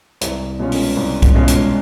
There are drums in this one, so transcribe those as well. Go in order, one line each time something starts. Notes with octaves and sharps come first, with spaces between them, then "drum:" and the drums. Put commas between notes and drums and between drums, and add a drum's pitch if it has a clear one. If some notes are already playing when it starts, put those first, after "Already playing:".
C2, drum: hi-hat
B2 G#3 C#4 F4
drum: open hi-hat
C2
drum: kick B1, hi-hat
B2 G#3 C#4 F4
drum: hi-hat